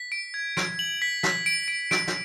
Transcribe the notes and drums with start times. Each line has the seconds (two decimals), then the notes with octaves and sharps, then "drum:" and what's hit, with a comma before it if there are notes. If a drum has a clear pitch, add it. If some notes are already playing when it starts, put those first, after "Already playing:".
Already playing: B6
0.12 D7
0.34 G#6
0.57 D7, drum: snare
0.79 F#7
1.02 B6
1.23 B6, drum: snare
1.46 D7
1.68 D7
1.91 D7, drum: snare
2.07 drum: snare